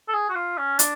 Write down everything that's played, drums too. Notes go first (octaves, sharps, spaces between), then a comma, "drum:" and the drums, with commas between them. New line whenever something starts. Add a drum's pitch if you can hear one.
A4
G#4
F#4
F4
C#4
D4, drum: hi-hat